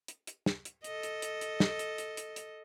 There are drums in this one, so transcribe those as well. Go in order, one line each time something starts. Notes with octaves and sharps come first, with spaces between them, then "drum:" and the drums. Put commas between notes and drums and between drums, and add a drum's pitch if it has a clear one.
drum: hi-hat
drum: hi-hat
drum: snare
drum: hi-hat
A4 D#5, drum: hi-hat
drum: hi-hat
drum: hi-hat
drum: hi-hat
drum: snare
drum: hi-hat
drum: hi-hat
drum: hi-hat
drum: hi-hat